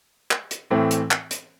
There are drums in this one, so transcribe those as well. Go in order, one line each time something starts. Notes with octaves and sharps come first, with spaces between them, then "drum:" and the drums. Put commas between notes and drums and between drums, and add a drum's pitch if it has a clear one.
drum: clap
drum: hi-hat
A2 E3 A3 C4
drum: hi-hat
drum: clap
drum: hi-hat